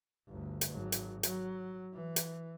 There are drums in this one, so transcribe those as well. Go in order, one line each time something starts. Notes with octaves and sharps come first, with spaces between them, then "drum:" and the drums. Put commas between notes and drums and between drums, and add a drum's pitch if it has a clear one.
G1 D2
drum: hi-hat
G#1 F#3
drum: hi-hat
F#3, drum: hi-hat
E3
drum: hi-hat